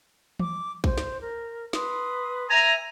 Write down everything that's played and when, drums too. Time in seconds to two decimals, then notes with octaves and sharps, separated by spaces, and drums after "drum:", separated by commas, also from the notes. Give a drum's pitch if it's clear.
0.39 D6, drum: tom
0.84 C5, drum: kick
0.98 drum: snare
1.21 A#4
1.73 B4 C6 D#6, drum: snare
2.50 E5 G#5 A#5